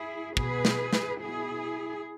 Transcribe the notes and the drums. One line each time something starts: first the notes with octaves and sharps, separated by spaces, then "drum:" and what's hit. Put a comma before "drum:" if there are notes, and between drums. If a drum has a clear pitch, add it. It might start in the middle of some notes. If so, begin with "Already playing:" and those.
Already playing: E4 G#4
B2 G#4 B4, drum: kick
drum: snare
drum: snare
B2 E4 G#4